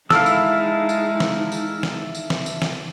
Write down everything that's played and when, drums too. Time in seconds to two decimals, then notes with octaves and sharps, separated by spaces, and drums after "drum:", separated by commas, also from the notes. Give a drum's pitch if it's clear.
0.10 G#3 D#4 E4 A4 F5 E6, drum: snare
0.26 drum: tambourine
0.89 drum: tambourine
1.20 drum: snare
1.52 drum: tambourine
1.83 drum: snare
2.15 drum: tambourine
2.30 drum: snare
2.46 drum: tambourine
2.62 drum: snare